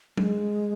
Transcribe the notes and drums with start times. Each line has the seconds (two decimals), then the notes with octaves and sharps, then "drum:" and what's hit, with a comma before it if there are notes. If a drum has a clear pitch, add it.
0.17 G#3, drum: tom F#3